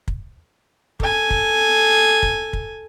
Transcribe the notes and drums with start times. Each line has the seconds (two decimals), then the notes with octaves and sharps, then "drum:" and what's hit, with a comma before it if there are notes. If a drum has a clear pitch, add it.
0.08 drum: kick
1.00 A4 G#5, drum: kick
1.30 drum: kick
2.23 drum: kick
2.53 drum: kick